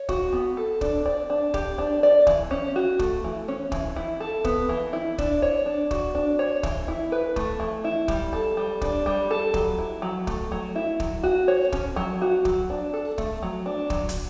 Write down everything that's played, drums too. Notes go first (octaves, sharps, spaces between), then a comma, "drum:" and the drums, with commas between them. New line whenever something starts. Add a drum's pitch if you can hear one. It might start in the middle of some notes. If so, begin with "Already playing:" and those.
Already playing: C#5
F#4, drum: kick
B3
A4
D4, drum: kick
D5
D4
G4, drum: kick
D4
D5
E3, drum: kick
C#4
F#4
A3, drum: kick
E3
C#4
E3, drum: kick
E4
A4
B3, drum: kick
E3
E4
D4, drum: kick
C#5
D4
F#4, drum: kick
D4
C#5
E3, drum: kick
E4
B4
A3, drum: kick
E3
E4
G3, drum: kick
A4
G3
D4, drum: kick
G3
A4
F#3, drum: kick
E4
F#3
A3, drum: kick
F#3
E4
F#3, drum: kick
F#4
C#5
C#4, drum: kick
F#3
F#4
F#3, drum: kick
D4
A4
A3, drum: kick
F#3
D4
F#3, drum: kick
drum: kick, hi-hat